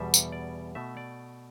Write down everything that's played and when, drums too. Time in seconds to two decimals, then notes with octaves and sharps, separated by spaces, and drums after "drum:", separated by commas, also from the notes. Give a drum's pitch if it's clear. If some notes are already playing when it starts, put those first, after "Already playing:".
Already playing: E2 B2 G3 E5
0.14 drum: tambourine
0.32 D5
0.75 B2 A3 E5
0.97 D5